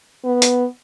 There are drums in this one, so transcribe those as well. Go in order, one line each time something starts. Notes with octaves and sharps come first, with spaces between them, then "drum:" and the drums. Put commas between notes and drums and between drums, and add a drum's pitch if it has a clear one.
B3
drum: hi-hat